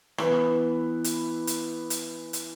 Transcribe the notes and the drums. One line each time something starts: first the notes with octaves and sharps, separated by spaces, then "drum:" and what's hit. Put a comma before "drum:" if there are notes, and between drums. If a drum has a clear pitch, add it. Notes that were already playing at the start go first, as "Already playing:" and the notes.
E3 B3 E4 B4, drum: rim click
drum: hi-hat
drum: hi-hat
drum: hi-hat
drum: hi-hat